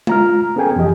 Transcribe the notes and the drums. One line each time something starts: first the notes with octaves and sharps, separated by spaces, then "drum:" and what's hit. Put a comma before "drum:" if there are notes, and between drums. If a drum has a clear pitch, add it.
F4 A#5 F6, drum: tom G#3
B3 C#4 G#4 A4 G5 G#5
F2 E3 G4 D#5